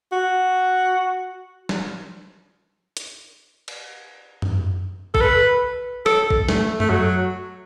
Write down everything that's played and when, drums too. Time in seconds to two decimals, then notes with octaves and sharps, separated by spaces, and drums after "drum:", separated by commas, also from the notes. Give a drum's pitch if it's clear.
0.12 F#4
1.69 drum: snare
2.97 drum: hi-hat
3.68 drum: cymbal
4.42 drum: tom
5.15 A4, drum: kick
5.21 B4
6.06 A4, drum: rim click
6.30 drum: kick
6.49 A3, drum: snare
6.80 A3, drum: tom
6.90 F#3